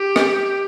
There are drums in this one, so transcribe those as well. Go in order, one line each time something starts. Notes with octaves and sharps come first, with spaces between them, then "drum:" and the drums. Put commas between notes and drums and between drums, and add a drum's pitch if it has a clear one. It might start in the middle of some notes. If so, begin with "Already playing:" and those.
Already playing: G4
drum: rim click